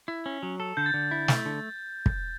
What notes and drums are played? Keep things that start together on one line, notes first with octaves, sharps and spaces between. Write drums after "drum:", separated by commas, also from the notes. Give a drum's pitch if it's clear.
E4
C#4
F#3
A4
D3 G6
A6
D3 G6
E4
A3, drum: snare
D3
drum: kick